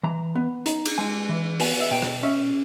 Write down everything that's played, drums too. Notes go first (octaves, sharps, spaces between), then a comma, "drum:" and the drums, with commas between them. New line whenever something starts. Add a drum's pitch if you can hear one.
E3 A#5
B3
D#4, drum: hi-hat
drum: cymbal
G#3 G#5
E3
B3 G#5, drum: open hi-hat
E5
B2 G5
drum: rim click
C#4 E5